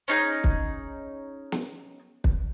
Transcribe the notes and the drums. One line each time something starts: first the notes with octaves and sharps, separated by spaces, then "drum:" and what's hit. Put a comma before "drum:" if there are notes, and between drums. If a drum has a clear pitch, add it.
C#4 D#4 G#4
drum: kick
drum: snare
drum: kick